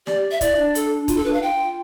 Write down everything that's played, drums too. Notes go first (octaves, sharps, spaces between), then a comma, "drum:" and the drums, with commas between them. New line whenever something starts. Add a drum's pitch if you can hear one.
G4 D5, drum: snare
E5
E4 D5, drum: kick, hi-hat
D4
A4, drum: hi-hat
F4, drum: kick, hi-hat
A4
B4
F5
F4 G5